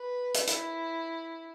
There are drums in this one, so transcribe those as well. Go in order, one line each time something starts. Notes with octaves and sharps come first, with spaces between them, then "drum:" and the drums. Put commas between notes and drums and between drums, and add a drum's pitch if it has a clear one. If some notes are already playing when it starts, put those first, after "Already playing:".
Already playing: B4
drum: hi-hat
E4, drum: hi-hat